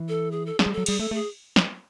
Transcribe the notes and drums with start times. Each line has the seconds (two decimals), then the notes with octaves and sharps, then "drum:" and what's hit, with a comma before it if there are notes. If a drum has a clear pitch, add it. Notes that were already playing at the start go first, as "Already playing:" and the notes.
Already playing: E3
0.09 A4
0.31 G#4
0.46 A4
0.59 G#4, drum: snare
0.66 G3
0.73 F#3 A4
0.86 G3 G#4, drum: cymbal
0.99 A3 A4
1.11 A3 G#4
1.56 drum: snare